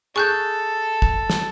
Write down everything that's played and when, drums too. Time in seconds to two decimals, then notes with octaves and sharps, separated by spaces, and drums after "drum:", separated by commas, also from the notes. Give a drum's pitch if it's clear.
0.16 G#4 A4 C#6 F#6 G6
1.02 drum: kick
1.30 drum: snare